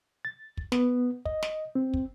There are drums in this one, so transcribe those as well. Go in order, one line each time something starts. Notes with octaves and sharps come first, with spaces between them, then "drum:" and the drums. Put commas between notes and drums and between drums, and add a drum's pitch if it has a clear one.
A6
drum: kick
B3, drum: snare
D#5, drum: kick
drum: snare
C4
drum: kick